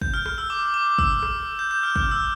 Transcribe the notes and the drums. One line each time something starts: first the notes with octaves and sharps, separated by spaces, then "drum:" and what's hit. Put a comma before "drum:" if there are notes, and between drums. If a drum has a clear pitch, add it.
G6, drum: kick
F6
F6, drum: rim click
E6
D6
D6
E6, drum: kick
drum: rim click
G6
G6
F6
G6
F6, drum: kick
E6